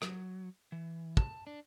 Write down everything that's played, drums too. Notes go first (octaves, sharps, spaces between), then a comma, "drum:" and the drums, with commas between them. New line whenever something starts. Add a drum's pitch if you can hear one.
F#3, drum: rim click
E3
A5, drum: kick
D4